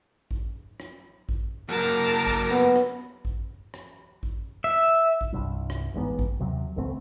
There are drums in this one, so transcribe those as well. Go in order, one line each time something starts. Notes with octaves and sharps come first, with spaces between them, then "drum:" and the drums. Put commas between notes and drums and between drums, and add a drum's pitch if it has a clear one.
drum: kick A1
drum: rim click
drum: kick A1
F#3 A#3 A#4 A5 A#5
drum: kick A1
B3
drum: rim click
drum: kick A1
drum: rim click
drum: kick A1
E5
drum: kick A1
C2 G2
drum: rim click
A1 G#2 C3 B3
drum: kick A1
D#2 C3 F#3
G#1 C#2 A3 C4